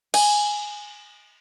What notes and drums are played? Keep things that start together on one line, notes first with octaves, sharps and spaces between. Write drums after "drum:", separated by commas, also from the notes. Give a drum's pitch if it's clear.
G#5, drum: cymbal